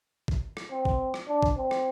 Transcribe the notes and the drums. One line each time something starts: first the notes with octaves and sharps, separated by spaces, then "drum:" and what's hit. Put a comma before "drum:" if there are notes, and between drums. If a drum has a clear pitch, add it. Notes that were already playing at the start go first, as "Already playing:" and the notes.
drum: kick A1
drum: rim click
C4
drum: kick A1
drum: rim click
D4
drum: kick A1
C4
drum: rim click